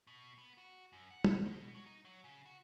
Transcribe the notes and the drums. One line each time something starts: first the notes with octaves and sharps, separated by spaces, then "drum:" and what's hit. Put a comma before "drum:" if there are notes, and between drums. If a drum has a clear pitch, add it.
B2
B3
F#4
F#2
F#5
drum: tom
B2
F#3
D#4
F#3
C#3
F#4